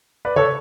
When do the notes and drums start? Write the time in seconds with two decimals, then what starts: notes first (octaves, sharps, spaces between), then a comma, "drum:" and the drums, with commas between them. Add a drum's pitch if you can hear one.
0.25 B4 D5
0.36 A4 C#5, drum: tom C3